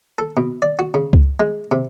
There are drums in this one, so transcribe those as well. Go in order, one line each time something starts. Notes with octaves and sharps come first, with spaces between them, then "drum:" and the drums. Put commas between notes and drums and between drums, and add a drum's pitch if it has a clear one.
A4
B2
D5
F#4
C#3
drum: kick C#2
G#3
C3